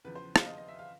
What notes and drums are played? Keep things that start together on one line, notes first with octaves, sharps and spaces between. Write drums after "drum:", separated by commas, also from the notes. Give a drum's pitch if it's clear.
E2 C#3 F3 B4
C5
F5, drum: rim click
D#5
D#5
E5
F5